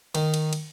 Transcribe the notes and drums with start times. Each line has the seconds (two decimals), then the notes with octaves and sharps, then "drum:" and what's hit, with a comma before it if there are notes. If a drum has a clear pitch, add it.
0.15 D#3, drum: cymbal
0.34 drum: cymbal
0.53 drum: cymbal